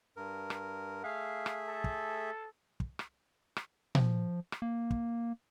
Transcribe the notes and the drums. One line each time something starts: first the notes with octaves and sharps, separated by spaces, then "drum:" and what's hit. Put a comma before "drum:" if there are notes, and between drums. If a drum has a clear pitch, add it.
G2 A#4
drum: rim click
A3 G#4 E5 F5
drum: rim click
A4
drum: kick
drum: kick
drum: rim click
drum: rim click
F3, drum: tom A#2
drum: rim click
A#3
drum: kick